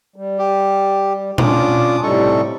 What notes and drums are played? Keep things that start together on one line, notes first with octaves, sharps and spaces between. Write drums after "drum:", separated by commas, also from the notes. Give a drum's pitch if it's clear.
G3
G4
C#4 D4 F4 D6 D#6, drum: tom A#2
A2 C3 G3 D#4 A4 C#6